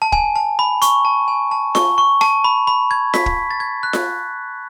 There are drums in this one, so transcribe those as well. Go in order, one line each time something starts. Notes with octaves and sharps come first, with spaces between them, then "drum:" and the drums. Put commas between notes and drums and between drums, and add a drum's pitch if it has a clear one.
A5
G#5, drum: kick
A5
B5
C#6, drum: hi-hat
A5
G#5
A5
C#6, drum: snare F4
C#6
A5, drum: rim click
B5
B5
G#6
B6, drum: snare F4
drum: kick
A6
G#6
F#6
drum: snare F4